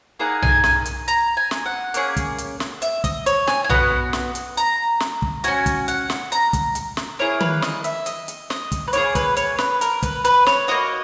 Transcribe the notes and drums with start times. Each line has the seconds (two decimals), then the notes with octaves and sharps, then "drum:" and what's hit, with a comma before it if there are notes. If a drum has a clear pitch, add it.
0.19 A#3 D#4 G#4 F#5
0.42 G#5, drum: tom B1
0.64 G#5, drum: snare
0.85 drum: hi-hat
1.08 A#5, drum: hi-hat
1.37 G#5
1.51 drum: snare
1.66 F#5
1.94 A#3 C#4 G#4, drum: hi-hat
2.17 drum: kick, hi-hat
2.38 drum: hi-hat
2.60 drum: snare
2.82 E5, drum: hi-hat
3.04 D#5, drum: kick, hi-hat
3.26 C#5, drum: hi-hat
3.47 G#5, drum: snare
3.64 G#5
3.69 B3 F#4 F#5, drum: tom B1
4.13 drum: snare
4.35 drum: hi-hat
4.57 A#5, drum: hi-hat
5.00 drum: snare
5.22 drum: kick
5.44 C#4 F#4 G#5, drum: hi-hat
5.66 drum: kick, hi-hat
5.88 F#5, drum: hi-hat
6.10 drum: snare
6.32 A#5, drum: hi-hat
6.53 drum: kick, hi-hat
6.75 drum: hi-hat
6.97 drum: snare
7.19 A#3 E4 G#4 C#5
7.41 B4, drum: tom D#3
7.62 D#5, drum: snare
7.84 E5, drum: hi-hat
8.06 D#5, drum: hi-hat
8.28 drum: hi-hat
8.50 D#5, drum: snare
8.72 drum: kick, hi-hat
8.88 B4
8.93 A#3 E4 G#4 C#5, drum: hi-hat
9.15 B4, drum: kick, hi-hat
9.37 C#5, drum: hi-hat
9.58 B4, drum: snare
9.81 A#4, drum: hi-hat
10.03 B4, drum: kick, hi-hat
10.25 B4, drum: hi-hat
10.46 C#5, drum: snare
10.68 A#3 D#4 F#4 D#5